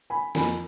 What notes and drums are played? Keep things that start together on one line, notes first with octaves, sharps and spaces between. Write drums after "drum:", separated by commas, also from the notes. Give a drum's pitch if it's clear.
G#5 B5
F2 F3 A#3 G#5 B5, drum: snare